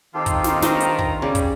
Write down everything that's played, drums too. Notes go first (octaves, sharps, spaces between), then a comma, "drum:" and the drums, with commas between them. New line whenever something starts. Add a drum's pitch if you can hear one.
D#3 C4 D#4 F4 G4 A4
drum: kick, hi-hat
drum: snare
G2 D#4 F4 C5 A#5, drum: snare
drum: hi-hat
drum: kick
C#3 G3 D5 G#5
drum: kick, hi-hat